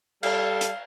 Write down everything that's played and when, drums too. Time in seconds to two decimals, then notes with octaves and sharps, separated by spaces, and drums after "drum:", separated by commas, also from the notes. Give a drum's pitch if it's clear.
0.23 G3 A4 F5, drum: cymbal
0.61 drum: hi-hat